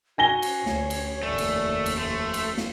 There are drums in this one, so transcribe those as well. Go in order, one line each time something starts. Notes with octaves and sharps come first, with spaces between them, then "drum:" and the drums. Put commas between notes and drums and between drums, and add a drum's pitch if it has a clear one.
F#4 G#5 A#6 G7
drum: cymbal
D2 C#5, drum: snare
drum: cymbal
F1 D#2 A3 D5
drum: cymbal
drum: cymbal
A3 C6
drum: cymbal
drum: snare